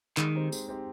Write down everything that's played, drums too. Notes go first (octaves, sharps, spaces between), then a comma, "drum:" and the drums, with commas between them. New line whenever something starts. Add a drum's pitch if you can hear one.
D#3 G#3, drum: clap
C4 D#4 G4
G#3, drum: tambourine
C4 D#4 G4